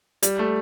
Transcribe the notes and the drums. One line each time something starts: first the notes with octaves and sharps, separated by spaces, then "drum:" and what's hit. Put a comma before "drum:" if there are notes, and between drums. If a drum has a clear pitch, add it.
G3, drum: hi-hat
A3